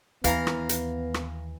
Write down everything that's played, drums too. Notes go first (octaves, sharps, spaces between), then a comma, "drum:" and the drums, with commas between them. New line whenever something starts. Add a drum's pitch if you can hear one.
D#2 E3 B3 F5 A#5, drum: hi-hat
drum: rim click
drum: hi-hat
drum: rim click